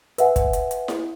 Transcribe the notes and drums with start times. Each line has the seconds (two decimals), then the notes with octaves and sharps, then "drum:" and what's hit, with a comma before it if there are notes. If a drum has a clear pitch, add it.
0.18 B4 E5 F#5 G#5, drum: hi-hat
0.36 drum: kick, hi-hat
0.53 drum: hi-hat
0.71 drum: hi-hat
0.88 drum: snare E4